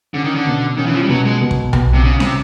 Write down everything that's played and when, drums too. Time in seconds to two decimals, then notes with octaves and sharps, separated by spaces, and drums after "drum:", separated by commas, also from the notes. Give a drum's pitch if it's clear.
0.14 D3 C#4
0.24 D#3
0.35 D3
0.47 B2
0.77 D#3 C#4
0.86 E3
0.94 F3
1.03 G3
1.09 B2 F#3
1.25 G#3
1.42 B2
1.51 drum: kick
1.73 B2, drum: tom B1
1.94 C3
2.04 C#3 C#4
2.20 C3, drum: snare C#4